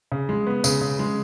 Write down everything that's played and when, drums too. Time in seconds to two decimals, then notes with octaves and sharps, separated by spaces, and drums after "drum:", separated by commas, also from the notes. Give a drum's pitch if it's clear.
0.12 C#3
0.29 G#3
0.47 B3
0.64 C#3, drum: tambourine
0.81 C#3
0.99 G#3